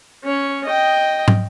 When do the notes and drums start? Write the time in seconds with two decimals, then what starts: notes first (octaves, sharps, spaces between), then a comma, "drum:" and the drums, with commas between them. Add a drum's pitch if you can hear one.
0.24 C#4 C#5
0.65 D#5 G5
1.28 drum: tom